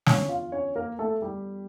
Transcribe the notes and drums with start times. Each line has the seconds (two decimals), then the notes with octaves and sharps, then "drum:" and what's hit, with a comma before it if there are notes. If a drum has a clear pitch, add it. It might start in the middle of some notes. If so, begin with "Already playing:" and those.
0.06 E2 D3 F3 C#4 C#5, drum: snare
0.29 F4 F5
0.52 C#4 C#5
0.76 A#3 A#4
0.99 A3 A4
1.22 G3 G4